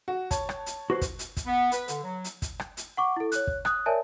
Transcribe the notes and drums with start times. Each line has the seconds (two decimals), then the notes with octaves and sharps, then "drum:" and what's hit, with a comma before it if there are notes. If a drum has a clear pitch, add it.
0.08 F#4
0.31 C#5 A5, drum: kick, hi-hat
0.49 drum: rim click
0.66 drum: hi-hat
0.90 F#4 B4 C5
1.01 drum: kick, hi-hat
1.19 drum: hi-hat
1.37 drum: kick, hi-hat
1.46 B3
1.72 B4, drum: hi-hat
1.88 D3, drum: hi-hat
2.03 F#3
2.24 drum: hi-hat
2.42 drum: kick, hi-hat
2.60 drum: rim click
2.77 drum: hi-hat
2.97 F#5 C#6 D6
3.16 E4 A4
3.32 C#5 F#6, drum: hi-hat
3.47 drum: kick
3.65 D#6 F#6, drum: rim click
3.86 A#4 C#5 D5 E5 G#5 A5